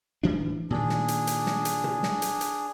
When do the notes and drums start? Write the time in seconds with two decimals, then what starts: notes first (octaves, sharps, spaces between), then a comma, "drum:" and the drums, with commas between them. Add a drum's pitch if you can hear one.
0.23 D1 E3 D4
0.71 A#2 D#3 D4 G#4
0.89 drum: snare
1.08 drum: hi-hat
1.27 drum: hi-hat
1.46 drum: snare
1.65 drum: hi-hat
1.84 drum: tom
2.03 drum: snare
2.22 drum: hi-hat
2.41 drum: hi-hat